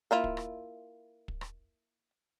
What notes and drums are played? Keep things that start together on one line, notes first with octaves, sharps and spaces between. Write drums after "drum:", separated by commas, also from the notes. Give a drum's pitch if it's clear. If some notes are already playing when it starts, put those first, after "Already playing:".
A#3 E4 F4
drum: kick
drum: rim click
drum: kick
drum: rim click